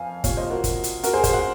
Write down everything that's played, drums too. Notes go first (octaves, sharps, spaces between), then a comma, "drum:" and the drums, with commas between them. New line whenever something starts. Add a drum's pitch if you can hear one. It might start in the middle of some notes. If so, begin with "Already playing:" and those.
Already playing: F2 F5 G#5
C2 A#2 F3 C#5 F5, drum: kick, hi-hat
C5 D#5
F#4 A#4
drum: kick, hi-hat
drum: hi-hat
F#4 A#4, drum: hi-hat
G#4 C5
G#4 C5, drum: kick, hi-hat
F#5